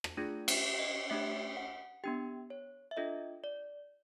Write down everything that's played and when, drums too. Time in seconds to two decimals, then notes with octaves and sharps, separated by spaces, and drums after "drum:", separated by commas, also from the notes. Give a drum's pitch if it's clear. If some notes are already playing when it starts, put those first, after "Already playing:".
0.04 drum: rim click
0.17 A3 D4 F4 G#4
0.48 E5, drum: cymbal
0.79 D#5
1.10 A3 D4 G4 E5
1.57 F#5
2.04 B3 D4 G4 G5
2.50 C#5
2.91 E5
2.97 D4 F4 A4 D#5
3.44 D5